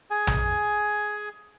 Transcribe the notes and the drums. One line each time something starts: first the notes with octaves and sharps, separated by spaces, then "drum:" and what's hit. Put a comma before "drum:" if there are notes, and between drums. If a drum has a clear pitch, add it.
G#4 G#5
drum: tom A#1